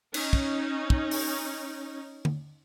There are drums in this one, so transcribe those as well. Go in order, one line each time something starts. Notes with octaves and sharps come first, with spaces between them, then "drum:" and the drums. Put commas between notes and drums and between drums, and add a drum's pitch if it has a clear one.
C#4 D#4, drum: cymbal
drum: kick
drum: kick
drum: open hi-hat
drum: tom D3